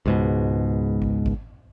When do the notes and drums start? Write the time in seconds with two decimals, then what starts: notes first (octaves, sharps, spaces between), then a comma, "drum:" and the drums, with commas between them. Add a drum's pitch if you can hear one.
0.06 C#2 G#2 B2
1.02 drum: kick G#1
1.26 drum: kick G#1